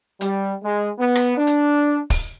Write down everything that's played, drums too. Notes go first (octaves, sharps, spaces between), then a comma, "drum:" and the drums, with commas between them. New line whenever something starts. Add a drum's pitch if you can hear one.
G3, drum: hi-hat
G#3
B3
drum: rim click
D4
drum: hi-hat
drum: kick, open hi-hat